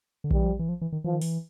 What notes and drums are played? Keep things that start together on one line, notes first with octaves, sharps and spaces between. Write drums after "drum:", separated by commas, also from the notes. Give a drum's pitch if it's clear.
D3
D#3, drum: kick A#1
E3 G3
F3
E3
F3
E3
D#3
E3 F3
D#3
E3, drum: open hi-hat